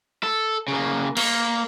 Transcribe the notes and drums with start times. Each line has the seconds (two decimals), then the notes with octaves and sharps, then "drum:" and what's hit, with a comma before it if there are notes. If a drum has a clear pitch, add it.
0.23 A4
0.68 C#3 A#3
1.17 A#3, drum: cymbal